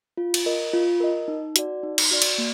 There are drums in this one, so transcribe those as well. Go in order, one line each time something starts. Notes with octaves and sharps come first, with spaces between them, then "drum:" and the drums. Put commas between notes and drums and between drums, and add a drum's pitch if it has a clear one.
F4
drum: cymbal
A#4 D#5
F4
A#4 D#5
D#4
F#4 D5, drum: hi-hat
D#4
drum: cymbal
F#4 D5
drum: cymbal
A#3